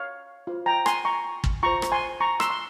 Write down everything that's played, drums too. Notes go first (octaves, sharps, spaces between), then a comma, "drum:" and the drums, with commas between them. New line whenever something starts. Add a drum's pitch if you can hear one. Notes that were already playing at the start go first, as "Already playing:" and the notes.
Already playing: C#5 F5
F4 C5
G5 A#5
G#5 C6, drum: rim click
A#5 C#6
drum: kick
F4 C5 A#5 C#6
drum: rim click
G#5 C6
A#5 C#6
C6 E6, drum: rim click
C6